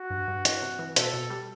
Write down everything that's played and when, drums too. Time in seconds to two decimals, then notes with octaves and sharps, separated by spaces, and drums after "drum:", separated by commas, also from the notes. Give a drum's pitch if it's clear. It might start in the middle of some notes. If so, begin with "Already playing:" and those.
Already playing: F#4
0.10 G2
0.28 G2
0.45 E3, drum: hi-hat
0.62 C3
0.79 E3
0.96 B2 A4, drum: hi-hat
1.13 B2
1.30 G3